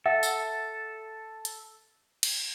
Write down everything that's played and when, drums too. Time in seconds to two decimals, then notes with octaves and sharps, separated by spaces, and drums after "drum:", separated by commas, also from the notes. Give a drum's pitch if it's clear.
0.06 A4 E5 F#5
0.23 drum: tambourine
1.45 drum: hi-hat
2.23 drum: cymbal